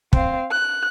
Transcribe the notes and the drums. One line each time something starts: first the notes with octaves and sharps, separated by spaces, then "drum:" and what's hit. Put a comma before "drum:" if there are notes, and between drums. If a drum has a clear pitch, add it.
C4 F5, drum: kick
F#6